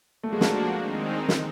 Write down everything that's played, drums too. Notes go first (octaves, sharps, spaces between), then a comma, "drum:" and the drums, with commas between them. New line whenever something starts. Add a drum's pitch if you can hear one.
F3 A3 A#3 D4 F#4
G#3
A3, drum: snare
D#3 G#3 C4 D#4
drum: snare